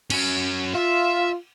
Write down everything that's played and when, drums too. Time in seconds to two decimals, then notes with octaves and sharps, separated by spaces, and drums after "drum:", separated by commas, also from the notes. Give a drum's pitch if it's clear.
0.10 F#3 C#4, drum: cymbal
0.74 F4 E5